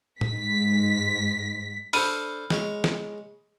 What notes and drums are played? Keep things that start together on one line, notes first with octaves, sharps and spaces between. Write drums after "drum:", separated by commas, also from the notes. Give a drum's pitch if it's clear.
G#2 B6, drum: tom A2
D4 A4 C5 B5 F6 D#7, drum: open hi-hat
G#3 C#5, drum: snare
drum: snare